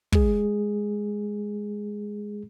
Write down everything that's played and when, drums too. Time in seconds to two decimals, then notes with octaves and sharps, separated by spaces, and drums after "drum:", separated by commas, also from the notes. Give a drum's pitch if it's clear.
0.12 G#3 G#4, drum: kick